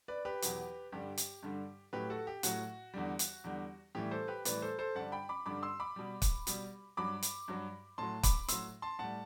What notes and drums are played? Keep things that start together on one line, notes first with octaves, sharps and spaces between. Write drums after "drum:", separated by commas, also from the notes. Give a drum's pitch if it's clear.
B4 D5
G4 B4
E2 B2 F#3, drum: hi-hat
G2 D3 G3 G4
drum: hi-hat
G2 D3 G3
A2 F#3 G4 B4
F#4 A4
G4
A2 F#3 F#4, drum: hi-hat
E2 D3 G3
drum: hi-hat
E2 D3 G3
A2 E3 G3 G4
A4 C5
G4 B4
A2 E3 G3 B4 D5, drum: hi-hat
A4 C5
A4 C5
G2 D3 G3 F#5 A5
G5 B5
B5 D6
G2 D3 G3 B5 D6
C6 E6
B5 D6
B2 G3
drum: kick, hi-hat
B2 G3, drum: hi-hat
G2 F#3 B5 D6
drum: hi-hat
G2 F#3
A2 F#3 A5 C6
B5 D6, drum: kick, hi-hat
A2 F#3 C6 E6, drum: hi-hat
A5 C6
A2 G3 F#5 A5